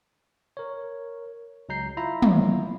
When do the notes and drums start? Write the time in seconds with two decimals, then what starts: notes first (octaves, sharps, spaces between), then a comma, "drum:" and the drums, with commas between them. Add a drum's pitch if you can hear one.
0.57 A#4 C#5
1.69 C#2 F#3 G#3 A#5 G6 C7
1.97 E4 F4 E5 A#5 B5
2.22 drum: tom